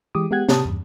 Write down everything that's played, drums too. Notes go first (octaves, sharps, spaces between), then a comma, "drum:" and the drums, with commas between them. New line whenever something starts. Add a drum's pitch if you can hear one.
E3 G#3 G4 D6 D#6
G#3 B3 G4 F#5 F#6 G#6
C3 G4 A5 D#6, drum: snare
E2 G2